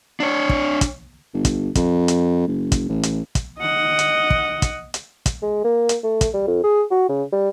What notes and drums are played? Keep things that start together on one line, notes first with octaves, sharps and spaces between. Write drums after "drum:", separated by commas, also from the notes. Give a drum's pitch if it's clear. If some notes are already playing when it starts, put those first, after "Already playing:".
D4 C#5
drum: kick
drum: kick, hi-hat
G1
drum: kick, hi-hat
F2, drum: kick, hi-hat
drum: hi-hat
F#1
drum: kick, hi-hat
A1
drum: hi-hat
drum: kick, hi-hat
D#5 F#5
drum: hi-hat
drum: kick
drum: kick, hi-hat
drum: hi-hat
drum: kick, hi-hat
G#3
A#3
drum: hi-hat
A3
drum: kick, hi-hat
G3
F2
G#4
F#4
C#3
G3